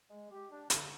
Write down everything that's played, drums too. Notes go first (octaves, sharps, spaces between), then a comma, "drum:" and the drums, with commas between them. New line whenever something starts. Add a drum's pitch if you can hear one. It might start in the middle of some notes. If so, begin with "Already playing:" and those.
G#3
G4
D4
D3, drum: hi-hat